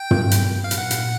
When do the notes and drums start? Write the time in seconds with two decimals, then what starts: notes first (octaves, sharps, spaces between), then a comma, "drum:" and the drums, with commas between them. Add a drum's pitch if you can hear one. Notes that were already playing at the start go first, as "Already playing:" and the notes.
Already playing: G5
0.11 F#3, drum: tom
0.31 B3, drum: hi-hat
0.50 B3
0.64 F5
0.71 A#2, drum: hi-hat
0.78 F#5
0.91 A#2, drum: hi-hat